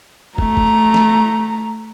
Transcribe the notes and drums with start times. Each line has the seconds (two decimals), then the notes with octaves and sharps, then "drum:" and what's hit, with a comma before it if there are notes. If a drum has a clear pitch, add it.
0.38 A3 A#5, drum: kick
0.57 drum: kick
0.94 drum: snare